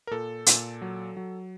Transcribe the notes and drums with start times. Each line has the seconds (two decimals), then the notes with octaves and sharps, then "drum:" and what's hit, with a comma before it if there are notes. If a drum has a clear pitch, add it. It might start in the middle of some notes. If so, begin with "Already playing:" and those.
0.07 A#4
0.11 A#2 A4
0.46 A#2, drum: hi-hat
0.82 F#3
1.17 F#3